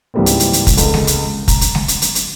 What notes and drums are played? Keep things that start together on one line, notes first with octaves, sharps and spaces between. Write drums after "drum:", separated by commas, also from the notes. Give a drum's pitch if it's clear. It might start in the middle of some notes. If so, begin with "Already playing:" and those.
C#2 G#2 E3 G3 A#3 C4
drum: hi-hat
drum: hi-hat
drum: hi-hat
drum: kick, hi-hat
C#2 A4, drum: hi-hat
drum: snare G#3
drum: hi-hat
A#5, drum: kick, hi-hat
drum: hi-hat
drum: snare G#3
drum: hi-hat
drum: hi-hat
drum: hi-hat